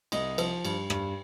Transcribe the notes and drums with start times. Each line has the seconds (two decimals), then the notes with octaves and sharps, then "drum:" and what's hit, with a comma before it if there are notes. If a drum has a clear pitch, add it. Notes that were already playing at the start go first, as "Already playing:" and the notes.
0.12 C2 D#5 D#6, drum: cymbal
0.38 F3, drum: cymbal
0.65 G2, drum: cymbal
0.90 G2, drum: rim click